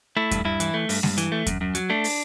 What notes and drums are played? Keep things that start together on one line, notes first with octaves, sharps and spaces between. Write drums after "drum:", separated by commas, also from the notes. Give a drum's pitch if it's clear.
A3 E4
G2, drum: kick D#2, hi-hat
G2 E4
E3, drum: hi-hat
A3
G2, drum: open hi-hat
G2, drum: snare G#3
E3, drum: hi-hat
A3
F#2, drum: kick D#2, hi-hat
F#2
F#3, drum: hi-hat
A3 D4
drum: open hi-hat